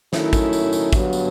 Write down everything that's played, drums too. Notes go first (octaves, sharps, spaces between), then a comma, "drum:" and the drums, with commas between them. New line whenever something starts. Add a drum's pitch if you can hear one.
D#3 F#3 A3 C#4 E4, drum: snare
drum: kick, tambourine
drum: tambourine
drum: tambourine
G2 D3 F#3 B3, drum: kick, tambourine
drum: tambourine